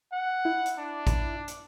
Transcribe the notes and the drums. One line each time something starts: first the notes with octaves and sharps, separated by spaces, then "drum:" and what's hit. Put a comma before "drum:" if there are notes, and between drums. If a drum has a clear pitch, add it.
F#5
E4
drum: hi-hat
D4
drum: kick, hi-hat
drum: hi-hat